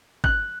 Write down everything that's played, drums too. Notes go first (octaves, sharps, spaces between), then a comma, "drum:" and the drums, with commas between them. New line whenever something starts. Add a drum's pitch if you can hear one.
F#6, drum: kick